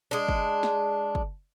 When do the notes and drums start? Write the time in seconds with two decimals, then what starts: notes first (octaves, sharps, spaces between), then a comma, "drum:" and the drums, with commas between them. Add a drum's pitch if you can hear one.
0.11 G#3 D4
0.29 drum: kick
0.63 drum: snare
1.15 drum: kick